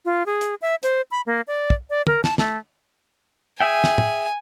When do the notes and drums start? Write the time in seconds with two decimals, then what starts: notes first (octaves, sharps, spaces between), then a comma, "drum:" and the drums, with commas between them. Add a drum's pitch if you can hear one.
0.05 F4
0.26 G#4
0.41 drum: hi-hat
0.62 E5
0.83 C5, drum: hi-hat
1.11 B5
1.26 A#3
1.48 D5
1.70 drum: kick
1.90 D5
2.07 A#4, drum: tom
2.24 A5, drum: snare
2.38 A3, drum: snare
3.60 G#4 E5 G5 G#5
3.84 drum: snare
3.98 drum: tom